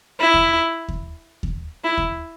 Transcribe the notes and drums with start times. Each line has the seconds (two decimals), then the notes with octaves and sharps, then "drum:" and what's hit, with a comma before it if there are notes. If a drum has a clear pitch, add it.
0.20 E4
0.34 drum: kick D#2
0.88 drum: kick D#2
1.43 drum: kick D#2
1.84 E4
1.97 drum: kick D#2